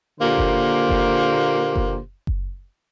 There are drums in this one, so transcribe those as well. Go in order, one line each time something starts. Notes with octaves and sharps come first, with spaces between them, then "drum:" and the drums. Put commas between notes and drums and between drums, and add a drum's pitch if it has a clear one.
A#2 D3 A#3 G4 C5
drum: kick F#1
drum: kick F#1
drum: kick F#1
drum: kick F#1